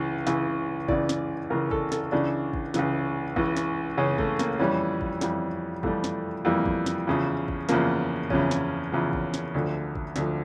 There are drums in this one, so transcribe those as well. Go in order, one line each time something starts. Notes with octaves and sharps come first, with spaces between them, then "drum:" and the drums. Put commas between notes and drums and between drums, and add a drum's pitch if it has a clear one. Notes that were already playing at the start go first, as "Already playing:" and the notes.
Already playing: C#2 C#3 E3
C#2 C#3 E3, drum: snare
C#2 C#3 E3 D5, drum: kick
drum: snare
C#2 C#3 E3 A#4
A4, drum: kick
A4, drum: snare
C#2 C#3 E3 D4
drum: kick
C#2 C#3 E3, drum: snare
C#2 C#3 E3, drum: kick
drum: snare
C#2 C#3 E3 C#4
A3, drum: kick
A#3, drum: snare
F2 E3 G3 C#4
drum: kick
F2 E3 G3, drum: snare
F2 E3 G3 A3, drum: kick
drum: snare
F2 E3 G3 A#3
drum: kick
drum: snare
E2 C#3 F3
drum: kick
E2 C#3 F3 A#3, drum: snare
E2 C#3 F3 C#4, drum: kick
drum: snare
E2 C#3 F3
drum: kick
drum: snare
D2 D3 F3
drum: kick
D2 D3 F3, drum: snare